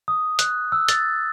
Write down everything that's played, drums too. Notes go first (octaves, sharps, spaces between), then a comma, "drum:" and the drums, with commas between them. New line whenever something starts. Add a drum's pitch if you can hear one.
D#6
F#6, drum: hi-hat
E6
A6, drum: hi-hat